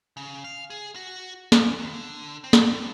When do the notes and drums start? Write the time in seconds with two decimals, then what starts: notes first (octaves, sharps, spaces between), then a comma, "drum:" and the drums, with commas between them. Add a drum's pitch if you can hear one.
0.17 C#3
0.44 F5
0.70 G#4
0.96 F#4
1.52 F#2, drum: snare
1.79 D#2
1.94 D3
2.44 C4
2.53 drum: snare
2.62 G2